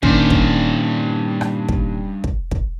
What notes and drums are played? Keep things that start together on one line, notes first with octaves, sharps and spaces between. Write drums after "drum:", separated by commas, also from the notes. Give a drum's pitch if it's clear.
G2 A#2 D#3 C#4 D4 C5, drum: kick
drum: kick
drum: rim click
drum: kick
drum: kick
drum: kick